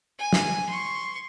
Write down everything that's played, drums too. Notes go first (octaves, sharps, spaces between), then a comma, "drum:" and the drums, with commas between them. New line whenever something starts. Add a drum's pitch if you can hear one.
G#5
drum: snare
C6 C#6